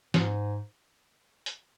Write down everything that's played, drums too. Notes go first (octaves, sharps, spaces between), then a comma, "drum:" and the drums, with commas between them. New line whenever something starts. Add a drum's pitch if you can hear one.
G#2, drum: snare
drum: hi-hat